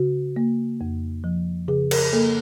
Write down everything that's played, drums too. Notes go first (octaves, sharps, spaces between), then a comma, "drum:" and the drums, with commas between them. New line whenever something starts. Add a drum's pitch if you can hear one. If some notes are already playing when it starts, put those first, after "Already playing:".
Already playing: C#3 F#4
A#3
F2
F3
C#3 G#4
A#4, drum: cymbal
A#3 A4